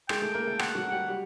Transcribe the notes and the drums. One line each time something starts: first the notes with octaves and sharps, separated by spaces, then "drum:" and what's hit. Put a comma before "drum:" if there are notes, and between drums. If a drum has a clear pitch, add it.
G#3 G#4 G5, drum: rim click
A3 A4
A#3 A#4
A3 A4
F#5, drum: rim click
F#3 F#4
G3 G4
G3 G4